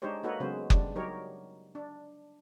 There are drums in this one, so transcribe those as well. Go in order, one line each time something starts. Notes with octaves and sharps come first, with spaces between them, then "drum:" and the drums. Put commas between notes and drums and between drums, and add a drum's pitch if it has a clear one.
G#3 D4 D#4 G4 C5 C#5
A#3 D#4 F#4 A4 B4 C#5
C#3 F#3 G#3 B3 C5
C#3 G3 D4, drum: kick F#1
F#3 D#4 G4 A#4 C#5
D4